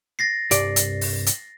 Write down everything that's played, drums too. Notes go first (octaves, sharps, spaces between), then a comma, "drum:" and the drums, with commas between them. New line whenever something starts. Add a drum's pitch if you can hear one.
A6 A#6 C7
C2 G2 D5, drum: hi-hat
drum: hi-hat
drum: open hi-hat
drum: hi-hat